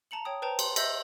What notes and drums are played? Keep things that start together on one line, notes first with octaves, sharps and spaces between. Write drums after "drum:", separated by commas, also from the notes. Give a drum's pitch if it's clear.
A5 A#5 C#7 F#7
C#5 G5 D#6
B4 C5 G5 A5 A#5
C6, drum: cymbal
D#5 E5 E6 G6, drum: cymbal